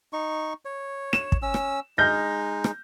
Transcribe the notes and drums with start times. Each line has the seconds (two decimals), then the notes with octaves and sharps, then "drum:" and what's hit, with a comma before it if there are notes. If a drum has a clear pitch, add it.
0.13 D#4 C#6
0.65 C#5
1.13 E7, drum: rim click
1.32 drum: kick
1.42 C#4 E6
1.54 drum: rim click
1.98 G#3 D#4 F6 G6 A#6
2.64 drum: rim click